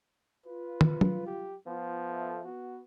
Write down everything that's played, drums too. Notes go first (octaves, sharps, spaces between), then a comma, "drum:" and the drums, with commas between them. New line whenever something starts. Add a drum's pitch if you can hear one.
F4 B4
drum: tom
drum: tom F#3
G4
F3 B3 F4
A4 E5
B3 F#4